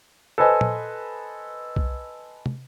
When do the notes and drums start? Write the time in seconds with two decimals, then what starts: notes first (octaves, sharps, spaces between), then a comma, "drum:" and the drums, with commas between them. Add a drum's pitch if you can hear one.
0.38 A4 B4 C5 D#5 G#5
0.61 drum: tom A#2
1.76 drum: kick B1
2.46 drum: tom